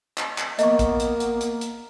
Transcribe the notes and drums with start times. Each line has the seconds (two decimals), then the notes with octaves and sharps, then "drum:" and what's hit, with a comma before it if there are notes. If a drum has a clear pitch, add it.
0.18 drum: clap
0.38 drum: clap
0.59 A#3 B3 D#5 C#6, drum: hi-hat
0.79 drum: kick A#1, hi-hat
1.00 drum: hi-hat
1.20 drum: hi-hat
1.41 drum: hi-hat
1.61 drum: hi-hat